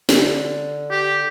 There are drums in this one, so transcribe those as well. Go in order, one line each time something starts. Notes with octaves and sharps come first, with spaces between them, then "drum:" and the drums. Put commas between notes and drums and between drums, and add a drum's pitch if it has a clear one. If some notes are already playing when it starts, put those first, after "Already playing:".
D3, drum: snare
G4